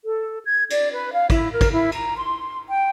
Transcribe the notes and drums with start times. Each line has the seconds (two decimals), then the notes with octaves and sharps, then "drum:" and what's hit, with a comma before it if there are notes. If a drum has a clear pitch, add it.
0.05 A4
0.44 G#6
0.70 D5, drum: cymbal
0.93 B4
1.12 F5
1.30 E4, drum: kick, cymbal
1.52 A#4
1.61 drum: kick, cymbal
1.71 E4
1.92 A#5, drum: cymbal
2.18 C6
2.68 G5